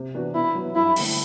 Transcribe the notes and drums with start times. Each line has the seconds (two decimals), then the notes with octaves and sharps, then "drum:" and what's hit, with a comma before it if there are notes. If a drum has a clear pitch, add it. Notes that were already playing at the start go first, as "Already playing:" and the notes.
Already playing: C3
0.14 E3 B3 D4 F#4
0.35 B2 E4
0.55 F#3 B3
0.75 G2 E4
0.96 D3 A3 C4, drum: open hi-hat